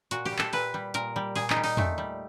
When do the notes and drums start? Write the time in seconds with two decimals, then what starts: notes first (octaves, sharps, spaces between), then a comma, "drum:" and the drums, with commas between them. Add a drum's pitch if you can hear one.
0.11 A#2 F#4, drum: hi-hat
0.26 G4, drum: open hi-hat
0.32 G3
0.39 A4, drum: clap
0.53 A#2 B4, drum: open hi-hat
0.74 G3
0.94 A#2 A#4, drum: hi-hat
1.16 G3
1.35 A#2 G#4, drum: open hi-hat
1.50 D#4, drum: clap
1.56 G3
1.64 D#4, drum: open hi-hat
1.77 A#2 A3, drum: tom
1.98 G3